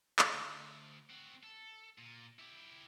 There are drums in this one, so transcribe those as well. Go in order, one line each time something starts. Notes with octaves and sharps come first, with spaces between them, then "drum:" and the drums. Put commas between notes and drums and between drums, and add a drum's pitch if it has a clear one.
drum: clap
D2
C4 F#4
A4
A#2
E4 G4